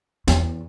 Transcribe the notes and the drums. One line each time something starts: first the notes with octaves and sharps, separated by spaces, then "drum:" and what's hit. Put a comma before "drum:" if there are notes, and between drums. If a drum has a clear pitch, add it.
E2, drum: snare